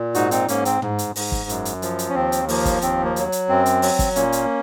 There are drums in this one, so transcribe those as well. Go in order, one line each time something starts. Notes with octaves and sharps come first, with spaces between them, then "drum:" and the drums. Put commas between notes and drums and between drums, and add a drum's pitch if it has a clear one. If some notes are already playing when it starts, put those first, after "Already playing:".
Already playing: A#2
G#2 D#4 F#4, drum: hi-hat
C4 D#4, drum: hi-hat
G#2 A#3 C#4, drum: hi-hat
C4, drum: hi-hat
G#2, drum: tom
drum: hi-hat
G#2, drum: open hi-hat
drum: kick
F#2, drum: hi-hat
drum: hi-hat
F3, drum: hi-hat
drum: hi-hat
C#4
D#2 C4
drum: hi-hat
F3 A#3, drum: open hi-hat
drum: kick, hi-hat
D#2 C4, drum: hi-hat
A#3
F#3, drum: hi-hat
drum: hi-hat
F#2 C4
drum: hi-hat
F#3, drum: open hi-hat
drum: kick, hi-hat
A#2 A#3 C#4, drum: hi-hat
drum: hi-hat